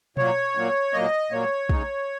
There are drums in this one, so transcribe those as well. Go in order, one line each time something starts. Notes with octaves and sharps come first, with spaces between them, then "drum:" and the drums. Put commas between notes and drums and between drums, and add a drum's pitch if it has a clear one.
A#2 F#3 A#3 C#5, drum: tom B2
A#2 F#3 A#3
A#2 F#3 A#3 D#5
A#2 F#3 A#3 C#5
C#3 G#3 D#4, drum: kick